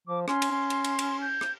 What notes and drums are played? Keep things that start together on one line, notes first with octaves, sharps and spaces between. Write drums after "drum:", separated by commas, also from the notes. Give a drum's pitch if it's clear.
F3 D6
C#4 C6, drum: rim click
drum: cymbal
C#4
drum: cymbal
drum: cymbal
drum: cymbal
G6
drum: rim click